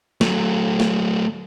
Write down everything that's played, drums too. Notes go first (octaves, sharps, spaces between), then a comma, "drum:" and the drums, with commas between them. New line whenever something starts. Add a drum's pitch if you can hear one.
F#3 A3, drum: snare
drum: snare